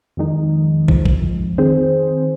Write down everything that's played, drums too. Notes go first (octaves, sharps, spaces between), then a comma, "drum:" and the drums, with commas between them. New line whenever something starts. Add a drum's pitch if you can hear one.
F2 D#3 G#3 D#4
F2 F3 G#3, drum: kick
drum: kick
D#3 C4 G#4 C5